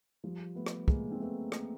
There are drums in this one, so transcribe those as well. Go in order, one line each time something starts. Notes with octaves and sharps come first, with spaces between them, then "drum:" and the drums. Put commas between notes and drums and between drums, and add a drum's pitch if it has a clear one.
F3 G3
A3 B3
drum: rim click
G#3 A#3, drum: kick
C4
A3 B3
drum: rim click